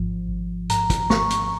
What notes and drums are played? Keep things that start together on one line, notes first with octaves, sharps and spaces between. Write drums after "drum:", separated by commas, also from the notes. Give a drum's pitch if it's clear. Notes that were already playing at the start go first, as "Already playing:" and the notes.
Already playing: G#1 G#2 F3
G#1
G#2 A#5, drum: hi-hat
drum: kick, hi-hat
G#1 C#6, drum: snare
drum: hi-hat